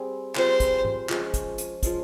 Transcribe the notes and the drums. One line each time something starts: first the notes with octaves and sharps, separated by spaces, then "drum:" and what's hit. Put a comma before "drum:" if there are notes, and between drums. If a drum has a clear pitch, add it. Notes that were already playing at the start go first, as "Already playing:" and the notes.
Already playing: G3 C4 G#4
G3 C4 F4 G#4 C5, drum: clap
drum: kick, hi-hat
drum: tom G#2
F3 G#3 C#4, drum: clap
drum: kick, hi-hat
drum: hi-hat
F3 G#3 C#4, drum: kick, hi-hat